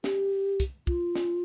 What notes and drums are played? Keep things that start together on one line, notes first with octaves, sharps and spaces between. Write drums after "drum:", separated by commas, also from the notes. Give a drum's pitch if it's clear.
G4, drum: snare
drum: kick, hi-hat
F4, drum: kick
drum: snare